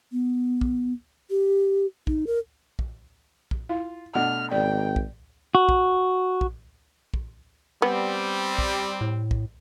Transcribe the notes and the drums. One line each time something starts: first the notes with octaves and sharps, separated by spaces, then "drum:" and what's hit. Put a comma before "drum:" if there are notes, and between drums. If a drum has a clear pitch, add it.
B3
drum: kick
G4
D#4, drum: kick
A#4
drum: kick
drum: kick
E4 F4
B2 A3 D4 F#5 F6
G#1 D5 G5
drum: kick
F#4
drum: kick
drum: kick
drum: kick
G3 B3 C4
drum: kick
A2
drum: kick